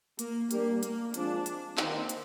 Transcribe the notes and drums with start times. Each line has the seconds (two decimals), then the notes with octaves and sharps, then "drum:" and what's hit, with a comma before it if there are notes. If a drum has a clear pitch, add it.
0.19 A#3, drum: hi-hat
0.51 G3 A#3 D4 G4 A#4, drum: hi-hat
0.83 A#3, drum: hi-hat
1.14 F3 G#3 C4 D4 F4, drum: hi-hat
1.46 drum: hi-hat
1.77 D#3 A#3 C4 D#4, drum: clap
2.09 drum: hi-hat